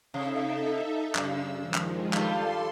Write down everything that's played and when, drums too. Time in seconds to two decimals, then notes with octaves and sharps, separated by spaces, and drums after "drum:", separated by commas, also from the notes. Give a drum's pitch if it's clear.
0.14 C3 D#4 A4 E5
1.15 F#2 C#3 E6, drum: clap
1.60 D#3 F3 G#3
1.74 drum: clap
2.13 G2 G3 F4 A4 A5 C6, drum: clap